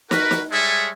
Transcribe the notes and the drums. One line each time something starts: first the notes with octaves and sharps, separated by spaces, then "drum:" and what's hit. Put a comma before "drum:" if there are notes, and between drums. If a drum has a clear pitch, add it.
F#4 A#4 B4, drum: snare
drum: snare
G3 G#3 G#4 A4 C#5 E5